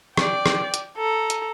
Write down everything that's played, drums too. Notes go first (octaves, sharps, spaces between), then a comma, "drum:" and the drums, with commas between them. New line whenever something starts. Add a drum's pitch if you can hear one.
D5 G5, drum: rim click
drum: rim click
drum: hi-hat
A4 A#5
drum: hi-hat